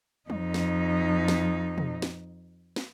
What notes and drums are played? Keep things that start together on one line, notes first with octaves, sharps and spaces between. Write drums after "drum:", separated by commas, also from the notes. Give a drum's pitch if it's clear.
F2 D#4, drum: tom
drum: snare
drum: snare
drum: tom
drum: snare
drum: snare